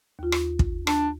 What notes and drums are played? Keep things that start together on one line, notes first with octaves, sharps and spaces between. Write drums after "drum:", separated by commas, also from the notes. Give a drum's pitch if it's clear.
D#2 F4
drum: rim click
drum: kick
D4, drum: rim click